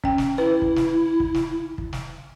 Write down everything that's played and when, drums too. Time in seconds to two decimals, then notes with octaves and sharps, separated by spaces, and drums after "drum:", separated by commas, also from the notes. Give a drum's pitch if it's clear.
0.04 C#4 G5, drum: kick
0.18 drum: snare
0.38 E4 B4
0.62 drum: kick
0.76 drum: snare
1.20 drum: kick
1.34 drum: snare
1.78 drum: kick
1.93 drum: snare